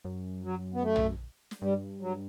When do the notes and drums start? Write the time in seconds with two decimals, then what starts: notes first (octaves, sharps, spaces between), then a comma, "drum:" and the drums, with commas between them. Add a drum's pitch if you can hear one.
0.05 F#2
0.43 F#3
0.74 B3
0.83 A3
0.96 drum: tom
1.51 drum: snare
1.62 G2 G3
2.01 F#3